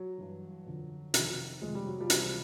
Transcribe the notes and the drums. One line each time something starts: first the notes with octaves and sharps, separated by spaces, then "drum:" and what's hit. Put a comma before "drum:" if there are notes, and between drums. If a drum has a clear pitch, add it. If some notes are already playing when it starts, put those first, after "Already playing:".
Already playing: F#3
G2 E3
F2 D3
F2 C3 D#3, drum: hi-hat
F2 C3 D#3 G#3
G3
F#3
F3 G3
C#2 C3 E3, drum: hi-hat